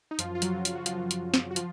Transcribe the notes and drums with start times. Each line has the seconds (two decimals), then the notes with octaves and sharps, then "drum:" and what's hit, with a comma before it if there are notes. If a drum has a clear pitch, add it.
0.11 D#4
0.19 F#2 F3 F4, drum: hi-hat
0.35 F4
0.42 F#3 F#4, drum: hi-hat
0.54 C#3
0.65 F4, drum: hi-hat
0.75 F#4
0.86 F#2 F3 F4, drum: hi-hat
1.11 drum: hi-hat
1.23 C#3
1.34 drum: snare
1.51 F#4
1.56 F3 F4, drum: hi-hat